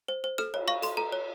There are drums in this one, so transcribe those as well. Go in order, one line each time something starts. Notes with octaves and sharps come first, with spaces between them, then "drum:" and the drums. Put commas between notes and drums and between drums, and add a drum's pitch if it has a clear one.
C5
C5
A4 F6, drum: snare
C#5, drum: cymbal
F5 C#6
A4 C6, drum: hi-hat
A4 A#5
C#5